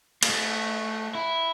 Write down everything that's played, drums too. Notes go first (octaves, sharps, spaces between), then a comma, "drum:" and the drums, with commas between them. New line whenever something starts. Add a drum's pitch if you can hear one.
A#3, drum: cymbal
A3
E4